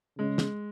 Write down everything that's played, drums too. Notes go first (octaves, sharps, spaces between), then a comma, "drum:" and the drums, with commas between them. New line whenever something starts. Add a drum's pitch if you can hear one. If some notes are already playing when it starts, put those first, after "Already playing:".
C#3 G#3
drum: snare